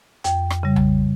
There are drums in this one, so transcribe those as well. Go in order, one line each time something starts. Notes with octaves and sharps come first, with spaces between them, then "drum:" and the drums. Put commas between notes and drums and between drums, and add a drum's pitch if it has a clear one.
F2 G5, drum: hi-hat
drum: rim click
C#3 G3
drum: tom A#1